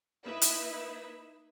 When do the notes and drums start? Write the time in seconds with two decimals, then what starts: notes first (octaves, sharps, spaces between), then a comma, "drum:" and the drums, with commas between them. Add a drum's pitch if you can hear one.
0.24 A#3 D#4 E4 B4 E5
0.42 drum: hi-hat